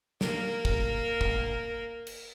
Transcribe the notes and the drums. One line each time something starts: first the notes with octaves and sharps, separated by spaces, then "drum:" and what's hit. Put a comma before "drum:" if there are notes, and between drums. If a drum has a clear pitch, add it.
A#3 A#4, drum: snare
drum: kick
drum: kick
drum: cymbal